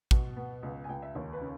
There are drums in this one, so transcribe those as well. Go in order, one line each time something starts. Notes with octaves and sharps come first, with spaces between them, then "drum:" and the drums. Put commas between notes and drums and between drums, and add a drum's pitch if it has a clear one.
B2, drum: kick A1
B3
C#2
G#5
C#2 G5
E5
D#2 C#5
B4
C#3